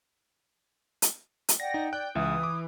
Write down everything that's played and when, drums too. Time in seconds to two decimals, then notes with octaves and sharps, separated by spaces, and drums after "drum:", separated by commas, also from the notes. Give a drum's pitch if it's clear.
1.02 drum: hi-hat
1.49 drum: hi-hat
1.60 D5 F#5 G5 A#6
1.74 D#4
1.93 D5 G5 F#6
2.15 C#2 E3 E5 D#6
2.43 D6